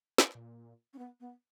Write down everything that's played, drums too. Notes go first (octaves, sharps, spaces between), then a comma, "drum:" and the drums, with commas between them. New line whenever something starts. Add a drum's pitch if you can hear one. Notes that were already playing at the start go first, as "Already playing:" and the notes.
drum: snare
A#2
C#4
B3
B3